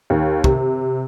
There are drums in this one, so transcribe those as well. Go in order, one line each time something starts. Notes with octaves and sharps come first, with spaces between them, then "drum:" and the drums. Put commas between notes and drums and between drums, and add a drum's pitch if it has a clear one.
D#2
C3, drum: kick